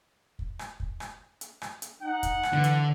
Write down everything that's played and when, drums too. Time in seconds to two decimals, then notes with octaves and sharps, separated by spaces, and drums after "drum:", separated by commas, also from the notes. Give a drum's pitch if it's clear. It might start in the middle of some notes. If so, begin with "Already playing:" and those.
0.39 drum: kick
0.59 drum: rim click
0.80 drum: kick
1.00 drum: rim click
1.41 drum: hi-hat
1.62 drum: rim click
1.82 drum: hi-hat
2.02 D#4 F#5
2.23 drum: kick, hi-hat
2.43 drum: rim click
2.53 D3 E3
2.64 drum: hi-hat